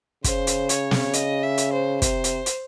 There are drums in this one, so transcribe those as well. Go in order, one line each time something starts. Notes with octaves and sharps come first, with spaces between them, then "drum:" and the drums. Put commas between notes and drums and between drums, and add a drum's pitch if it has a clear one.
C#3 C5, drum: kick, hi-hat
drum: hi-hat
C#5, drum: hi-hat
drum: snare
D#5, drum: hi-hat
E5
drum: hi-hat
C5
C3 C5, drum: kick, hi-hat
drum: hi-hat
drum: hi-hat